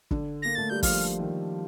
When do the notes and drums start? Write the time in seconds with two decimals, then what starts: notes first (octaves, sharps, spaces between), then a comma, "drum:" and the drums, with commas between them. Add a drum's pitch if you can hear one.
0.11 D3, drum: kick
0.42 A#3 A#6
0.55 A3 A6
0.70 G3 G6
0.83 F3 F6, drum: kick, open hi-hat
1.19 D#3